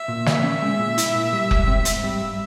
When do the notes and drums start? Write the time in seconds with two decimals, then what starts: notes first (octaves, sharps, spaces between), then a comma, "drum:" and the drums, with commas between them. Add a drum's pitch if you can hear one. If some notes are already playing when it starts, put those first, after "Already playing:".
Already playing: E5
0.08 A#2
0.26 A#3, drum: snare
0.43 C#4
0.62 G#3
0.79 A#2
0.98 E4, drum: hi-hat
1.15 A#2
1.33 G3
1.51 G#2, drum: kick F1
1.67 C4
1.85 G#2, drum: hi-hat
2.04 G3
2.21 G2